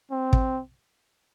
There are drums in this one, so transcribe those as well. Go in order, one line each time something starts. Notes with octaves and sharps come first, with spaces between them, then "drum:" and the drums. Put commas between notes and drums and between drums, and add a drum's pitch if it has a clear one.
C4
drum: kick